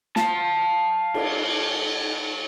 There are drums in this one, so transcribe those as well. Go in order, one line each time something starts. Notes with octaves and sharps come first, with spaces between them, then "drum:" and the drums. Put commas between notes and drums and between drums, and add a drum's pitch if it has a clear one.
F5 A5, drum: snare
drum: cymbal